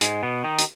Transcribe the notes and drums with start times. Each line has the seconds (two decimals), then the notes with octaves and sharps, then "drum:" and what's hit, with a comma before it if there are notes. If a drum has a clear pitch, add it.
0.01 G#2 G#3, drum: hi-hat
0.23 B2 B3
0.44 D#3 D#4
0.59 drum: hi-hat